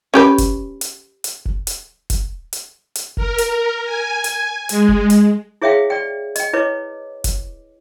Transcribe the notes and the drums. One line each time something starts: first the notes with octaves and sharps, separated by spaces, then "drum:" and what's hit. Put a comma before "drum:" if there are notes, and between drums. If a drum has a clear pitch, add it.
C#4 G4 B4
drum: kick F1, hi-hat
drum: hi-hat
drum: hi-hat
drum: kick F1
drum: hi-hat
drum: kick F1, hi-hat
drum: hi-hat
drum: hi-hat
A#4, drum: kick F1
drum: hi-hat
G#5
drum: hi-hat
G#3, drum: hi-hat
drum: kick F1
drum: hi-hat
E4 G#4 C#5 E5 F5 G5
D5 G5
D#5 G5, drum: hi-hat
E4 B4 C#5 D#5 D6
drum: kick F1, hi-hat